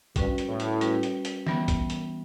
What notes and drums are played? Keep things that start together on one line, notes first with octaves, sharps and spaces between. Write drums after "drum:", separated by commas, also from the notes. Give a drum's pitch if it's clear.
G2 G3 C#4 F#4 B4, drum: kick, hi-hat
drum: hi-hat
A2
drum: hi-hat
G3 C#4 F#4 B4, drum: hi-hat
drum: hi-hat
drum: hi-hat
E3 G3 B3, drum: snare
drum: kick, hi-hat
drum: hi-hat